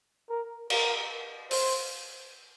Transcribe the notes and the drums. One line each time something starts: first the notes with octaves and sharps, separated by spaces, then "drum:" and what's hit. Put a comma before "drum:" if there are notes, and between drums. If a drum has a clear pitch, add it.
A#4
A#4, drum: cymbal
C5, drum: open hi-hat